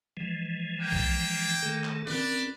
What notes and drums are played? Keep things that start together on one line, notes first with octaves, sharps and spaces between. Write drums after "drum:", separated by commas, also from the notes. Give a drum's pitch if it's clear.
E3 F3 G#3
A#3 G5
drum: kick B1
D#3 A3 A4
drum: clap
C4 C#4 A#4 B4 D5, drum: snare